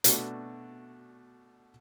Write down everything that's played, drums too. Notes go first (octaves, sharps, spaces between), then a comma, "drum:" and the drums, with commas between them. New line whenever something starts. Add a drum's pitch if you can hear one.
B2 A3 D4 F#4, drum: hi-hat